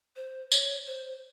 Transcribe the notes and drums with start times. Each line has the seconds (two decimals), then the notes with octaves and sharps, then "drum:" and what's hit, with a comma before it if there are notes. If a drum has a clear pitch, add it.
0.16 C5
0.52 C#5, drum: tambourine
0.87 C5